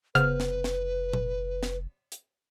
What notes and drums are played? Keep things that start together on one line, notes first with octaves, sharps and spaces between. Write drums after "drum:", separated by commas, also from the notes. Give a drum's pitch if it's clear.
F1 C#3 B3 B4 C5 F6, drum: hi-hat
drum: snare
drum: snare
drum: tom A#2
drum: snare
drum: hi-hat